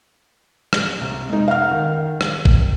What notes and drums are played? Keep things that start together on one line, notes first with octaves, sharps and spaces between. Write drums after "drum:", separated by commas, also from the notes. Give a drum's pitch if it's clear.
drum: rim click
C2
G#3 D#4
F5 F#5 F6
D#3
drum: rim click
drum: kick A1